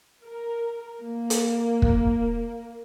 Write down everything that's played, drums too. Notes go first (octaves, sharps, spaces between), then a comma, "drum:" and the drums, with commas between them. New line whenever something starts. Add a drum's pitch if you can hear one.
A#4
A#3
drum: hi-hat
drum: kick